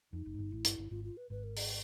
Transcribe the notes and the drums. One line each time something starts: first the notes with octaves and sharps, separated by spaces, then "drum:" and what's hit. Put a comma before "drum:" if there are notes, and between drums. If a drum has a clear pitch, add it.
F2 D#4
F#1 F#2
G#2
G1 G2
A1 A2 E4
G1 G2, drum: hi-hat
G1 G2
G#1 G#2 F4
F4
B4
G#1 G#2 B4
A#4
G#4, drum: open hi-hat